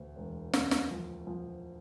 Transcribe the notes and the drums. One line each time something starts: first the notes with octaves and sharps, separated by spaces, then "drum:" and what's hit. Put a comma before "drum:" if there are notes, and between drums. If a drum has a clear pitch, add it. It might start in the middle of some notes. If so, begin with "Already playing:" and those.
Already playing: D2
E1
D2, drum: snare
drum: snare
F3
F3